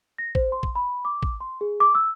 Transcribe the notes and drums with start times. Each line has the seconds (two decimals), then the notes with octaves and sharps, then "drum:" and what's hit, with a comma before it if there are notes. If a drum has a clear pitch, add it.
0.18 A#6
0.35 C5, drum: kick A1
0.52 C6
0.63 drum: kick A1
0.75 B5
1.05 D6
1.23 drum: kick A1
1.41 C6
1.61 G#4
1.80 D6
1.95 E6